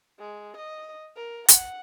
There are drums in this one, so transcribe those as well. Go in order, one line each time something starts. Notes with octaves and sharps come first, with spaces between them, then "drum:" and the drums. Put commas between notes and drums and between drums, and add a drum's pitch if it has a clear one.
G#3
D#5
A#4
F#5, drum: hi-hat